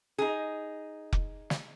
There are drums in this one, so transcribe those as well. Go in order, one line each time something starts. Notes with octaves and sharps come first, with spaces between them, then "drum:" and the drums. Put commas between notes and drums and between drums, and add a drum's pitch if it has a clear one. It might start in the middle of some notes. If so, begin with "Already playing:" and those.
D#4 G#4
drum: kick F1
drum: snare